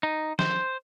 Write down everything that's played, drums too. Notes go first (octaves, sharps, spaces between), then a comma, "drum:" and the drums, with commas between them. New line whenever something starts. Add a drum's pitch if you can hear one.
D#4
C5, drum: snare